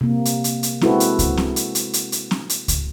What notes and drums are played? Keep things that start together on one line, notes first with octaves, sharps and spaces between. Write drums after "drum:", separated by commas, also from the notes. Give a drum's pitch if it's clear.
C3 A#3
drum: hi-hat
drum: hi-hat
drum: hi-hat
G#3 C4 E4 F#4 A4 B4, drum: snare C4
drum: hi-hat
drum: kick C#2, hi-hat
drum: snare C4
drum: hi-hat
drum: hi-hat
drum: hi-hat
drum: hi-hat
drum: snare C4
drum: hi-hat
drum: kick C#2, hi-hat